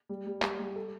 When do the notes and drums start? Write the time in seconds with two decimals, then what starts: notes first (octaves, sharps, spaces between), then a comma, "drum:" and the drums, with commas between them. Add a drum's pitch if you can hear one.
0.09 G3
0.27 G3
0.42 G3, drum: clap
0.59 G3
0.76 A4